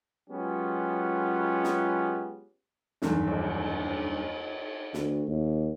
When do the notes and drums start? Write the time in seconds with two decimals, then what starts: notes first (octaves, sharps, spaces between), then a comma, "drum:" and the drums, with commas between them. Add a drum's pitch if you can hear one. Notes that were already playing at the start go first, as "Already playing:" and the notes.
0.30 F#3 G#3 B3 C#4 F4 G4
1.64 drum: snare
3.02 F#1 B1 E2 G2 D#3, drum: snare
3.28 drum: cymbal
4.94 D2, drum: snare
5.27 D#2